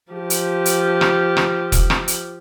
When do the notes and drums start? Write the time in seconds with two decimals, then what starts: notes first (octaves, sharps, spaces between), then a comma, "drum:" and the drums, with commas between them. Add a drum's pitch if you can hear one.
0.12 F3 G4
0.30 drum: hi-hat
0.66 drum: hi-hat
1.01 drum: rim click
1.37 drum: rim click
1.72 drum: kick, hi-hat
1.90 drum: rim click
2.08 drum: hi-hat